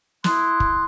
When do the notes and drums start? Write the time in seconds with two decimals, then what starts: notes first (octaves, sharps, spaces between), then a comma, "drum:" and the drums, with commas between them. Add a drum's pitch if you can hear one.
0.24 E4 C6 D#6 F#6, drum: snare
0.60 drum: kick